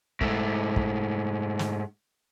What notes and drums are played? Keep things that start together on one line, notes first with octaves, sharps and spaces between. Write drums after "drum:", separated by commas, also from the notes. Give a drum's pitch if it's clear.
G#2 A3, drum: kick
drum: kick
drum: snare